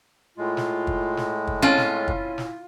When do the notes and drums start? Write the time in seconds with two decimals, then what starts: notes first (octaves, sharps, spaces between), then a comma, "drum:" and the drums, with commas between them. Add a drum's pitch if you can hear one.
0.38 A2 G#3 F4
0.57 drum: snare
0.87 drum: kick
1.17 drum: snare
1.47 drum: kick
1.62 C4 C#4 E4 F4 A5
1.77 drum: snare
2.08 drum: kick
2.38 drum: snare